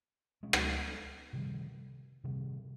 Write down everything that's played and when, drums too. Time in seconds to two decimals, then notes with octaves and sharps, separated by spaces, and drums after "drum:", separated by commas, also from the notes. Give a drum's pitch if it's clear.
0.43 B2 G#3 C#4
0.53 drum: rim click
1.33 C3 D#3 G3
2.24 C3 D#3 G3